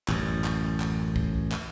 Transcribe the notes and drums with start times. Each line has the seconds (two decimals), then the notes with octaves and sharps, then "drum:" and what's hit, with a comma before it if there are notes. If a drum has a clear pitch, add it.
0.08 A1 F#2, drum: clap
0.44 drum: clap
0.80 drum: clap
1.16 drum: kick
1.52 drum: clap